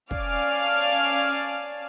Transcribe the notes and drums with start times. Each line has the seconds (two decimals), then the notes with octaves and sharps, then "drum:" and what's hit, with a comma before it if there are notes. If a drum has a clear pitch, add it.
0.11 C#4 D5 F5 G#5 A5 F6, drum: kick